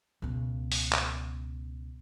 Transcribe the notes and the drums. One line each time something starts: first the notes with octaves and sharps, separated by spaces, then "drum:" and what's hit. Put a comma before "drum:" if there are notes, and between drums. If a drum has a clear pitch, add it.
C#2 B2
drum: open hi-hat
drum: clap